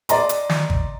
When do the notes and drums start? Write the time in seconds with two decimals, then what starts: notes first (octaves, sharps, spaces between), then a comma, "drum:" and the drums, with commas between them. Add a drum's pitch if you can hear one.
0.09 D5 D#5 A#5 C6, drum: hi-hat
0.29 drum: hi-hat
0.49 drum: snare
0.70 drum: kick G#1